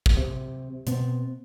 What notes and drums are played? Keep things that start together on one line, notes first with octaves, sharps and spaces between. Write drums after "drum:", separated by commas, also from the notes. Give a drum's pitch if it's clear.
drum: kick
C3
B2 B3 C4, drum: hi-hat